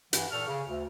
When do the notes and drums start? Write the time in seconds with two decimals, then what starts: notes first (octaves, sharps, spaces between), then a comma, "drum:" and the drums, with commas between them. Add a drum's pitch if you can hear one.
0.13 G2 E3 F#5, drum: hi-hat
0.31 A#2 A4 A5 C#6 F6
0.47 C#3
0.68 D2